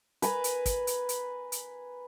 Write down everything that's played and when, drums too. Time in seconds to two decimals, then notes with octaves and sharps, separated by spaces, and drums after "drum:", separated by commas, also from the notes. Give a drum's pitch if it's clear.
0.22 B4 G#5 A#5, drum: hi-hat
0.44 drum: hi-hat
0.66 drum: kick, hi-hat
0.87 drum: hi-hat
1.09 drum: hi-hat
1.52 drum: hi-hat